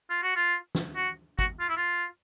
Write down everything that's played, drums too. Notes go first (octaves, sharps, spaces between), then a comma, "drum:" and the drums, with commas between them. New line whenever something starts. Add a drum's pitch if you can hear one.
F4
F#4
F4
drum: snare
F#4
F#4, drum: kick
F4
E4
F4